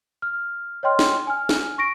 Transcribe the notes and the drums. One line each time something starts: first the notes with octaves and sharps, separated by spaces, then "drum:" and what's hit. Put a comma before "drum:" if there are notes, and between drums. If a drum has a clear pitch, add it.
F6
C#5 D#5 G5 C6 F6
drum: snare
G#5 F6
drum: snare
C#6 A#6 D7